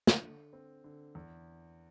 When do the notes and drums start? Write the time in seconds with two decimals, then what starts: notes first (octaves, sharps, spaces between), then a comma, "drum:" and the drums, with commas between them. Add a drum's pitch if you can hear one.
0.07 drum: snare
0.22 D3
0.53 C4
0.84 D3
1.15 E2